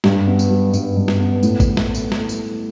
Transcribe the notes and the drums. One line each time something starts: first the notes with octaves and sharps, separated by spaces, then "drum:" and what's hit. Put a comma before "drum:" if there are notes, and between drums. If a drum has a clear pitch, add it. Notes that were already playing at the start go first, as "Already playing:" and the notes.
G2 G4, drum: snare
B3
drum: tambourine
G3
G2, drum: tambourine
G2
drum: snare
B3
A2, drum: tambourine
drum: kick, tambourine
drum: snare
drum: tambourine
drum: snare
drum: tambourine